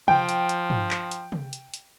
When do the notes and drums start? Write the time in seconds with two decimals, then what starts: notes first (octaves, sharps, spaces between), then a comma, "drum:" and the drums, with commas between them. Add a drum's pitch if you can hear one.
0.08 F3 G5, drum: tom C3
0.29 drum: hi-hat
0.49 drum: hi-hat
0.70 drum: tom
0.91 drum: clap
1.11 drum: hi-hat
1.32 drum: tom C3
1.53 drum: hi-hat
1.74 drum: hi-hat